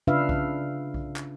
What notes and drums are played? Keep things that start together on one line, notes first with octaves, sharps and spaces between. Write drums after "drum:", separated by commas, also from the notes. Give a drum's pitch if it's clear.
C#3 D4 F4 B4 E5 F5
drum: kick B1
drum: kick B1
drum: clap